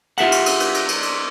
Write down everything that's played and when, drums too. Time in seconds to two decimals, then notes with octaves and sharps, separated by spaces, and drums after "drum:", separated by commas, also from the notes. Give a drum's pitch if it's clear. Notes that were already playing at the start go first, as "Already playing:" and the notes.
0.18 F4 G4 E5 F#5, drum: cymbal
0.32 drum: cymbal
0.46 drum: cymbal
0.60 drum: cymbal
0.74 drum: cymbal
0.89 drum: cymbal
1.03 drum: cymbal